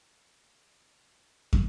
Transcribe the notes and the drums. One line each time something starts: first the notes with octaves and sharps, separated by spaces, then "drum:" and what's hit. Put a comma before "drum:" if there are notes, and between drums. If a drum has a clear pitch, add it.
B1 C5 B5 C#7
drum: kick